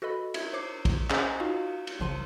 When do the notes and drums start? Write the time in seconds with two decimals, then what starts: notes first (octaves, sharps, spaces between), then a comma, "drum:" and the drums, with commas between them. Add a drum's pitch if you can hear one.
0.02 F#4 A4 B4 D#5 B5
0.34 E5 G#6, drum: cymbal
0.53 C5 C#5 D6 C7
0.85 drum: kick, cymbal
1.10 C#4 G#4 C5 D#5 G#5 A#5, drum: clap
1.40 D#4 F4 F#4 F5
1.87 drum: cymbal
2.00 G1 C2 C#3 F3 C6 D#7